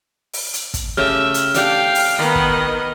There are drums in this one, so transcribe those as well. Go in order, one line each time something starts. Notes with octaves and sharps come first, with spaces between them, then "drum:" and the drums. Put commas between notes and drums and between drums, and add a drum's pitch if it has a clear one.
drum: open hi-hat
drum: hi-hat
drum: kick, hi-hat
C#3 A3 G4 E5 F6
drum: hi-hat
A3 D4 G4 F5 G5, drum: hi-hat
drum: open hi-hat
D#3 B3 D#5
drum: kick